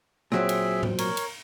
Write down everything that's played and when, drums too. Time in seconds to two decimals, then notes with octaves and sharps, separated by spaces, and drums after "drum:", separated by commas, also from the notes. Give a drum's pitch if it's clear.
0.32 A#2 F#3 C4 G#4 E5, drum: rim click
0.49 drum: cymbal
0.83 drum: tom G#2
0.98 A#4 C#5, drum: cymbal
1.17 drum: cymbal